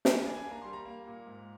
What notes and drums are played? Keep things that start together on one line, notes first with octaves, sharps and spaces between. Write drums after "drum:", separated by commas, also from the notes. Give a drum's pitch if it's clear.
G3 G#5, drum: snare
D4 G#5
G#5
A#3
A#5
G3 C6
A#5
A#3
A#2
G#2